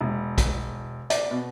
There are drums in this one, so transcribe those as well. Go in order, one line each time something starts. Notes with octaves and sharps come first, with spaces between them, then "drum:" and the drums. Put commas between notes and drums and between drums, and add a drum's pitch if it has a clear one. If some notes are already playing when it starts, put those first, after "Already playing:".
E1
drum: kick A#1, hi-hat
D5, drum: hi-hat
B2